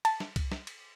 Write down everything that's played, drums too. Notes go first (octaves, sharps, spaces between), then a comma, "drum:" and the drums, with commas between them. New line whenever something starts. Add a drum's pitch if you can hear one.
A5, drum: cymbal
drum: snare
drum: kick C2, cymbal
drum: snare
drum: cymbal